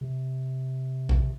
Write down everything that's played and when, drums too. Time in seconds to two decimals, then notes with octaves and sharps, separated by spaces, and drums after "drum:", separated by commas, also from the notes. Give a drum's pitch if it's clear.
0.01 C3
1.09 drum: kick